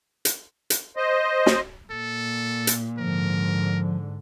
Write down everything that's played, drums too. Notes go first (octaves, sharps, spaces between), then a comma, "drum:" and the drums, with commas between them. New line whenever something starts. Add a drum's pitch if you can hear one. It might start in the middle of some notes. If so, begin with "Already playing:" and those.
drum: hi-hat
drum: hi-hat
C5 D#5
drum: snare
A#2 A4
drum: hi-hat
G#2 D3 F3 A#4